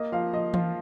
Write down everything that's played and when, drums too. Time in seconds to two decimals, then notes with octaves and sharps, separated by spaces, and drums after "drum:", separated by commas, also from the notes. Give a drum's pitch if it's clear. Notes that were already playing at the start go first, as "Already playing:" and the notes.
Already playing: A#3 D#5
0.12 F3 F5
0.33 F3 D#5
0.54 F3 F4, drum: tom E3